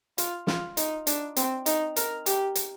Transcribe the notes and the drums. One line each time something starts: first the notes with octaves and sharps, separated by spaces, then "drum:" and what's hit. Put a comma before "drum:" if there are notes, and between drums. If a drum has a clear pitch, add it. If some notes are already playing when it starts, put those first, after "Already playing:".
F4, drum: hi-hat
F4, drum: snare
D#4, drum: hi-hat
D4, drum: hi-hat
C4, drum: hi-hat
D#4, drum: hi-hat
A#4, drum: hi-hat
G4, drum: hi-hat
drum: hi-hat